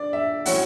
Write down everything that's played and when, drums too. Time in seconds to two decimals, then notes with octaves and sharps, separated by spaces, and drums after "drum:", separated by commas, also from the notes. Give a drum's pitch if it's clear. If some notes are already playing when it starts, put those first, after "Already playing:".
Already playing: D4 D5
0.13 E5
0.45 A2 F#3 C#4 F#5, drum: open hi-hat